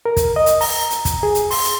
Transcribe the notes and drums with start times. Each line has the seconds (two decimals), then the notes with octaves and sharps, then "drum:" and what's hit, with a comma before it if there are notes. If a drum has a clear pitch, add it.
0.06 A#4
0.16 drum: kick, hi-hat
0.36 D#5
0.46 drum: hi-hat
0.61 A#5, drum: open hi-hat
0.90 drum: hi-hat
1.05 drum: kick, hi-hat
1.23 G#4
1.35 drum: hi-hat
1.51 C6, drum: open hi-hat
1.64 drum: hi-hat